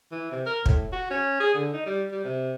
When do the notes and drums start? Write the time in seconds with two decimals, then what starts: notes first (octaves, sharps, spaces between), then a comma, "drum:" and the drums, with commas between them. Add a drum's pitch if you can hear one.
0.11 E3
0.31 C3
0.46 A#4
0.66 A2, drum: kick
0.92 F#4
1.10 C#4
1.40 G#4
1.55 D3
1.74 D#4
1.86 G3
2.11 G3
2.24 C3